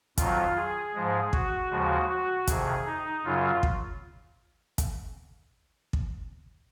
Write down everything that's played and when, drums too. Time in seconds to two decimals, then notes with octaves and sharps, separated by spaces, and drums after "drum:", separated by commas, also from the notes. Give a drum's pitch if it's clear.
0.18 F2 D#3 F#3 F4, drum: kick, hi-hat
0.56 G#4
0.94 G#2 F3 G#3
1.33 F#4, drum: kick
1.71 D#2 C#3 F3 G#3
2.09 F#4
2.47 F2 C3 D#3 G#4, drum: kick, hi-hat
2.86 D#4
3.25 F#2 C#3 F#3 F4
3.63 drum: kick
4.78 drum: kick, hi-hat
5.93 drum: kick